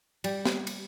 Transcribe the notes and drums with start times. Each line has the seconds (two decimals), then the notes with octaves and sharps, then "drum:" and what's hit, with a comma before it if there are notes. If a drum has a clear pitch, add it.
0.24 G3, drum: cymbal
0.45 drum: snare
0.67 drum: cymbal